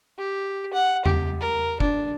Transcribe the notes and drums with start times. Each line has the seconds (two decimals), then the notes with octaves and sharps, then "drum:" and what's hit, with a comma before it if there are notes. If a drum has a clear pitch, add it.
0.18 G4
0.74 F#5
1.06 G4, drum: tom E2
1.41 A#4
1.80 D4, drum: kick